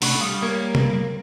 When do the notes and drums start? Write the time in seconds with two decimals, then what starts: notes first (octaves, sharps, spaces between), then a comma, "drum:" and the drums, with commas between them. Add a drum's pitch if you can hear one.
0.02 C3 A3 D4 A4 F#5 B5 C#6, drum: open hi-hat
0.21 G3 F5 C#6 D#6
0.43 A#3 A#4 C#5
0.75 drum: tom C3